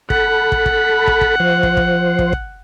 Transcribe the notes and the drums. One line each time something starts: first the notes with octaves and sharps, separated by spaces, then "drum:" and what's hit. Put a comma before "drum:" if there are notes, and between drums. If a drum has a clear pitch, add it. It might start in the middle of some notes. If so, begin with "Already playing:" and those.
A4 F#5 B5, drum: kick
drum: kick
drum: kick
drum: kick
drum: kick
F3 C5
drum: kick
drum: kick
drum: kick
drum: kick